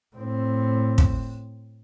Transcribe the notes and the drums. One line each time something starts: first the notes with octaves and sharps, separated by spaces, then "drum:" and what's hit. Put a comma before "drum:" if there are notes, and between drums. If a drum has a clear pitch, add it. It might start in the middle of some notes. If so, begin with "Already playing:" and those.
A2 C4
drum: kick